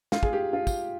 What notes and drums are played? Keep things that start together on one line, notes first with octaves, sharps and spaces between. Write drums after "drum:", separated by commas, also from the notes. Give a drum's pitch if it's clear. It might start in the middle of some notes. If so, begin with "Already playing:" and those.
F4, drum: snare
G#4, drum: kick
G4
F4
drum: kick, tambourine